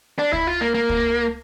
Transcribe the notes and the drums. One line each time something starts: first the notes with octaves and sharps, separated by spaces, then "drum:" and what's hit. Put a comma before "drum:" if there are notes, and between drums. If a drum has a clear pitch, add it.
D4
E4, drum: kick
F4
A#3
A#3
drum: kick